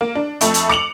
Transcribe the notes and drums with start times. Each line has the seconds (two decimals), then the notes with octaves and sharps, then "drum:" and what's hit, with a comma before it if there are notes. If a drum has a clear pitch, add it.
0.01 A#3
0.15 D4
0.41 F2 A3 A4, drum: hi-hat
0.54 drum: hi-hat
0.69 D6 C#7 F7 F#7, drum: rim click